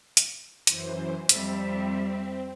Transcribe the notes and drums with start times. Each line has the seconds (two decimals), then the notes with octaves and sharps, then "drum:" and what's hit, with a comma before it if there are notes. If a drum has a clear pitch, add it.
0.17 drum: hi-hat
0.67 F#2 E3 C5, drum: hi-hat
1.29 F2 G3 C4 E5, drum: hi-hat